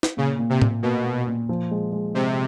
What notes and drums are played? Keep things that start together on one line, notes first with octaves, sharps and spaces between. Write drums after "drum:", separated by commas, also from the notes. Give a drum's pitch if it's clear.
drum: snare
A#2 C#3
A#2
C3
A#2, drum: tom A2
B2 A#3
A#3
A#2
F3
G#3
G#3
C3 G#3